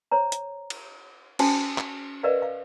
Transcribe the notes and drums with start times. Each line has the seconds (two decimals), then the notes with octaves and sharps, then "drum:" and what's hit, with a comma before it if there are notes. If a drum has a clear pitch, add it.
0.12 C5 C#5 A#5
0.32 drum: hi-hat
0.70 drum: cymbal
1.39 C#4 F#4 C5 G#5 A5, drum: cymbal
1.78 drum: clap
2.23 A#4 B4 D5 D#5 F5 F#5
2.42 F5